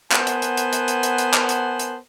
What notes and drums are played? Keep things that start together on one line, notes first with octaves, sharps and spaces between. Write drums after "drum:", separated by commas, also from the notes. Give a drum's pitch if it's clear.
B3 A#4 C5 F#5 G#5 A5, drum: clap
drum: hi-hat
drum: hi-hat
drum: hi-hat
drum: hi-hat
drum: hi-hat
drum: hi-hat
drum: hi-hat
drum: clap
drum: hi-hat
drum: hi-hat